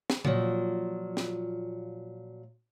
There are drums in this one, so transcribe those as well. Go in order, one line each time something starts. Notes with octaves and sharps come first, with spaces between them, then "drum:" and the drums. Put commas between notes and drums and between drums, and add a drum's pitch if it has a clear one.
drum: snare
A#2 F3 F#3, drum: tom
drum: snare